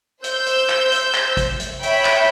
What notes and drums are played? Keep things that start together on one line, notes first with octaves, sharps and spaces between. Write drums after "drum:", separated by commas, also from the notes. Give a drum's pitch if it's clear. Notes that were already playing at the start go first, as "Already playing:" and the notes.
C5 E6 G6, drum: hi-hat
drum: hi-hat
drum: clap
drum: hi-hat
drum: clap
drum: kick, hi-hat
drum: hi-hat
C#5 E5 G5 B5, drum: hi-hat
drum: clap